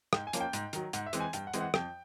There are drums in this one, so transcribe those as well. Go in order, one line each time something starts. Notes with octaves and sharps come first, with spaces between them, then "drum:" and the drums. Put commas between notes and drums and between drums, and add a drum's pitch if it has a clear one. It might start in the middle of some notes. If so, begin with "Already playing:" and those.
G#2 G5, drum: rim click
G#5
F3 A#3 C#4, drum: hi-hat
G5
G#2, drum: hi-hat
D#3 F#3, drum: hi-hat
G#2 F#5, drum: hi-hat
E5
E3 G#3 C4, drum: hi-hat
G#5
G2 G5, drum: hi-hat
F#5
E3 G#3 C4, drum: hi-hat
F#5
F2 G5, drum: rim click